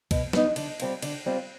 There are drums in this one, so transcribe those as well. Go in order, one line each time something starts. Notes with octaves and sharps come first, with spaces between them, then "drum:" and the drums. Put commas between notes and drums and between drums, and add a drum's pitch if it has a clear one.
B2, drum: kick, cymbal
B3 D#4, drum: snare
D3, drum: cymbal
G3 C4 F4, drum: cymbal
D3, drum: cymbal
G3 C4 F4